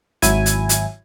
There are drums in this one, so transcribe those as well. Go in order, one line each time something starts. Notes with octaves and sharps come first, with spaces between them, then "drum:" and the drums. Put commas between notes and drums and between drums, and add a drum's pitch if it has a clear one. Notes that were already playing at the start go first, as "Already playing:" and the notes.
G#1 F#3 E4 G#5, drum: hi-hat
drum: hi-hat
drum: hi-hat